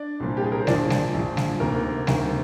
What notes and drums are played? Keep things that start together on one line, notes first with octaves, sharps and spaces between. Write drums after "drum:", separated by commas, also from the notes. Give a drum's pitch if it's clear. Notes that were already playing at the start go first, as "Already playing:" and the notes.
Already playing: D4 D5
C2 A#2 F3
G4
G#4
A#4
C5
A#1 A#2 F3 D4 D5, drum: snare G3
drum: snare G3
A#1 A#2 F3
drum: snare G3
D2 C3 D#3 A#3 A#4
D2 C3 D#3, drum: snare G3